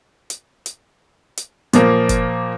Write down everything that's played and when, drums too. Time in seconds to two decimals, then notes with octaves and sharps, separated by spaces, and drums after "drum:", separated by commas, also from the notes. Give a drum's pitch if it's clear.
0.30 drum: hi-hat
0.66 drum: hi-hat
1.37 drum: hi-hat
1.73 A#2 F3 A#3, drum: hi-hat
2.09 drum: kick, hi-hat